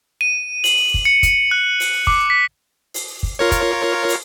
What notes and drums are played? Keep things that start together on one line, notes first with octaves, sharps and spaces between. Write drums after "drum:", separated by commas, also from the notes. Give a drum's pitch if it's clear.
D#7
F#7, drum: open hi-hat
drum: kick
C#7
drum: kick, hi-hat
F#6
drum: open hi-hat
D6, drum: kick
B6
drum: open hi-hat
drum: kick
F4 A#4 C#5
drum: kick, hi-hat
drum: open hi-hat